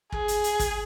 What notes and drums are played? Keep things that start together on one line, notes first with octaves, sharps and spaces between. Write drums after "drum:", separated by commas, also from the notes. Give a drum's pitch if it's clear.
G#4, drum: kick
drum: hi-hat
drum: hi-hat
drum: kick, hi-hat